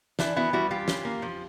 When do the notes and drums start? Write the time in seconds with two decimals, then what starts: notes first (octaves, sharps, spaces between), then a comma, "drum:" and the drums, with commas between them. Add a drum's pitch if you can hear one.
0.19 E3 D4 E4, drum: snare
0.36 B3 E4 F#4
0.53 G3 E4 F#4
0.71 E3 F4 G4
0.88 C#4, drum: snare
1.05 A#3
1.22 F3